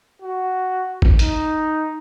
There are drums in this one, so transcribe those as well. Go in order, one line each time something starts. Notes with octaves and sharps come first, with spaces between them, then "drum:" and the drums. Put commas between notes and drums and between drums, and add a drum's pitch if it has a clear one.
F#4
drum: kick
D#4, drum: hi-hat